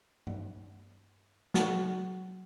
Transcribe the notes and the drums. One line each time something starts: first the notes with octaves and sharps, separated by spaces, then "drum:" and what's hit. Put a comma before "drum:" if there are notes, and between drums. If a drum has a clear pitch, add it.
drum: tom G2
F#3 F#4, drum: snare